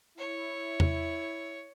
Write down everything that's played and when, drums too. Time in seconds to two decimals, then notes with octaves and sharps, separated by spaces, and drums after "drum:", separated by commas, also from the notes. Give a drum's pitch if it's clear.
0.18 E4 C#5
0.80 drum: tom E2